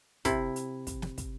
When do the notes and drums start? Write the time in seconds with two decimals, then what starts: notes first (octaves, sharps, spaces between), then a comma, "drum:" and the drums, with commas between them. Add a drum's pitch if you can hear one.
0.25 C3 E4, drum: kick, hi-hat
0.56 drum: hi-hat
0.87 drum: kick, hi-hat
1.02 drum: snare
1.18 drum: kick, hi-hat